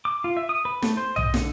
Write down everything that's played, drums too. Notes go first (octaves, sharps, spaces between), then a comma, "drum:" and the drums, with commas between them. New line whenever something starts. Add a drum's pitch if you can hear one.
D6
F4
E5
D#6
B4
A3, drum: snare
C5
D#5, drum: tom B1
D3, drum: snare